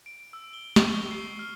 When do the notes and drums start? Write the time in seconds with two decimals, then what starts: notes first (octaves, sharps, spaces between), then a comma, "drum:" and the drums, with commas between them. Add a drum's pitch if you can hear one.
0.06 D7
0.33 E6
0.53 G7
0.76 C#6, drum: snare
0.93 G7
1.11 C7
1.39 F6